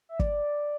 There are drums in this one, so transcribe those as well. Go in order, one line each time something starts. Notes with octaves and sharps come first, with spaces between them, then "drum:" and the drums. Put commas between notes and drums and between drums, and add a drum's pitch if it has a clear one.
E5
D5, drum: kick